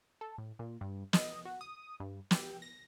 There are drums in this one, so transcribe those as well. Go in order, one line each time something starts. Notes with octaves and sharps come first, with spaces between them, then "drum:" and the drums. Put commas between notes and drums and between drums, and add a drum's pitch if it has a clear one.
A4
A2
A#2
G2
D#5, drum: snare
F#4
D#6
G2
G4, drum: snare
A#6